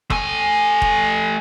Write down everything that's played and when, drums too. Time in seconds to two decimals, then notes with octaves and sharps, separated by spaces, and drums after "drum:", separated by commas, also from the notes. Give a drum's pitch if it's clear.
0.10 A3 G#5, drum: kick F1
0.82 drum: kick F1